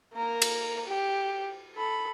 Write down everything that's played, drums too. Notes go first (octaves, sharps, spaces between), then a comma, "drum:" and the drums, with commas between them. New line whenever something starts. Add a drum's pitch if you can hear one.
A#3 A#4
drum: cymbal
G4
A4 B5